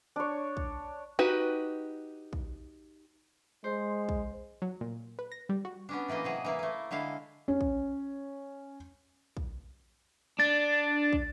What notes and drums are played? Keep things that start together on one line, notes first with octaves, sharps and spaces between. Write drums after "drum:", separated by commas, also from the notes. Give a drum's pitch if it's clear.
D4 C#5
drum: kick
D#4 F#4 G4 B4
drum: kick
G#3 C5
drum: kick
F#3
A#2
B4
A#6
G3
F#4
B3 C#4 D4
A2 E3 A#3 D#5
C3 F#3 G#4
E3 A#3 E4
A3 A#3
D3 G#3 E4 F5
C#4
drum: kick
drum: kick
D4 A6
drum: kick